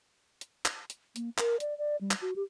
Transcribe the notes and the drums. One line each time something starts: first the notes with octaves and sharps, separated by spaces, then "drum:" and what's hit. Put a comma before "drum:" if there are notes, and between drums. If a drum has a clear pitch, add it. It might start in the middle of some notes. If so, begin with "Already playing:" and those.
drum: hi-hat
drum: clap
drum: hi-hat
A#3, drum: hi-hat
A#4, drum: clap
D5, drum: hi-hat
D5
G3
drum: clap
F#4
G4